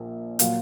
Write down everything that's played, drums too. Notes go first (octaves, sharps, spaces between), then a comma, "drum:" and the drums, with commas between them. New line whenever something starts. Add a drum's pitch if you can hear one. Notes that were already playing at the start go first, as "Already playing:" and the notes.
Already playing: A#1 A#2
A#2 F#3 F5, drum: hi-hat